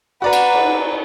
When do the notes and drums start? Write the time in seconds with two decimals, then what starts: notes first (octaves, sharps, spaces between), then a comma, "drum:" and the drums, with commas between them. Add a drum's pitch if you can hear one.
0.22 F#4 B4 D5 F#5 A#5
0.33 drum: cymbal
0.55 drum: cymbal